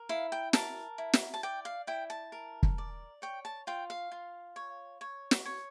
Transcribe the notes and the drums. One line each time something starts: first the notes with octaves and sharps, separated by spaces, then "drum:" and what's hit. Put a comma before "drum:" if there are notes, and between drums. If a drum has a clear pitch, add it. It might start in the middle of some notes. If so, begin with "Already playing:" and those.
Already playing: A#4
E4 F5
G5
A#4 A5, drum: snare
E4
drum: snare
A5
D5 G5
F5
E4 G5
A5
A#4
drum: kick
D5
C#5 G5
A5
F4 G5
F5
F4
C#5
C#5
drum: snare
C#5